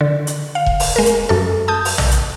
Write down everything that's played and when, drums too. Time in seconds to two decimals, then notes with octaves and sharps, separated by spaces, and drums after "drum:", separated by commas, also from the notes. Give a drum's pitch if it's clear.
0.01 D3
0.27 drum: hi-hat
0.55 F5
0.66 drum: kick E1
0.80 drum: open hi-hat
0.96 G#3 A#4
1.06 drum: hi-hat
1.29 F#2 A4
1.68 A5 D#6 G6
1.85 drum: open hi-hat
1.98 drum: tom A#1
2.11 drum: hi-hat